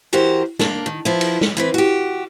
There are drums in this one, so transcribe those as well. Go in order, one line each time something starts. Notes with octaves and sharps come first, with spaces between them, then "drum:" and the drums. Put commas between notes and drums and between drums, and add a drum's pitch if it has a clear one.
E3 F#4 G4 A#4 C5
A#3 D4, drum: snare
D#3
F3 B3 E4
drum: cymbal
drum: snare
E3 C4 B4
F#4 G4